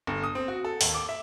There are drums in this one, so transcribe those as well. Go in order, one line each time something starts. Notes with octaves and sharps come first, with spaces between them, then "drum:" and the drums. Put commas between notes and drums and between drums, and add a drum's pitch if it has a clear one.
G1
D#6
C4
F#4
A4
D#2, drum: open hi-hat
D6
E5